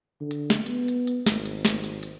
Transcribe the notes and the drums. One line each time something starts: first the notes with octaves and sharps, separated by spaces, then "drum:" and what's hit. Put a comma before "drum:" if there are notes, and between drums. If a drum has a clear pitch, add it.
D3
drum: hi-hat
drum: snare
B3, drum: hi-hat
drum: hi-hat
drum: hi-hat
G#1, drum: snare
drum: hi-hat
drum: snare
drum: hi-hat
drum: hi-hat